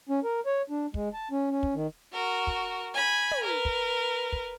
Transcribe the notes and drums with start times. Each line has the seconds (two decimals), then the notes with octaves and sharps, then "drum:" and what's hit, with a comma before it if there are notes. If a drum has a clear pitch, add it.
0.09 C#4
0.24 A#4
0.46 C#5
0.70 D4
0.94 G#3, drum: kick
1.14 A5
1.31 C#4
1.51 C#4
1.63 drum: kick
1.75 D#3
2.13 F#4 A#4
2.47 drum: kick
2.94 G#5 B5
3.31 drum: tom
3.44 A#4 B4
3.65 drum: kick
4.32 drum: kick